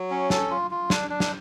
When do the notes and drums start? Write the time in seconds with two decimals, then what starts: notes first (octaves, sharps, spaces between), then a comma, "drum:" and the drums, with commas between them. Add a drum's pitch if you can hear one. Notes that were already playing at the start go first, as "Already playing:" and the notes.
Already playing: F#3
0.11 C#4
0.30 A4, drum: snare
0.51 F4
0.71 F4
0.90 D4, drum: snare
1.10 D4
1.20 drum: snare